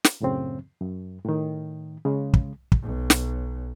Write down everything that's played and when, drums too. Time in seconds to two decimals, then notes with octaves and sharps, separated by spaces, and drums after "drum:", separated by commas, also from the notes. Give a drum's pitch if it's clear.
0.04 drum: snare
0.20 C#2 F#2 A2 C#3 C4
0.81 F#2
1.24 A2 D#3
2.05 C#3 G#3
2.34 drum: kick
2.72 drum: kick
2.83 B1
3.10 drum: snare